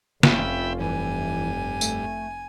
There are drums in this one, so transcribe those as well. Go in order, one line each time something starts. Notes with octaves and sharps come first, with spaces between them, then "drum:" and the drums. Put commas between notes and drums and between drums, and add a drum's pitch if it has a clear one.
F1 C#4 F4 E5 G5 B5, drum: snare
G2 E3 G#5
A3, drum: tambourine